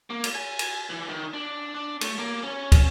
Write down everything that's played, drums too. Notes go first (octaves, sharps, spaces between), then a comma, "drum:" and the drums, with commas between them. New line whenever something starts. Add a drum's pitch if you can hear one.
A#3
drum: cymbal
G#5
drum: cymbal
E3
D#3
D4
D4
A3, drum: cymbal
A#3
C#4
drum: kick, cymbal